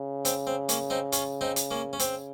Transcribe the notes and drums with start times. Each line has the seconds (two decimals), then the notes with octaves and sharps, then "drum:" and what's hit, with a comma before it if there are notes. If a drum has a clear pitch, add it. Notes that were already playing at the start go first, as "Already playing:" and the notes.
Already playing: C#3
0.25 C4, drum: hi-hat
0.47 C4
0.69 A#3 C#4, drum: hi-hat
0.90 C4 D#4
1.12 C#4 F4, drum: hi-hat
1.41 C4 D#4
1.56 drum: hi-hat
1.71 A#3 C#4
1.93 C#4
1.99 C#3 C4, drum: hi-hat